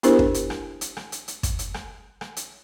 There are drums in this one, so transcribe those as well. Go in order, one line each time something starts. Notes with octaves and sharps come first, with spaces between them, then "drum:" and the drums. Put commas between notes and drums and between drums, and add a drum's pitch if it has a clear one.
B3 D4 E4 G4 A#4 C5, drum: hi-hat
drum: kick
drum: hi-hat
drum: rim click
drum: hi-hat
drum: rim click
drum: hi-hat
drum: hi-hat
drum: kick, hi-hat
drum: hi-hat
drum: rim click
drum: rim click
drum: hi-hat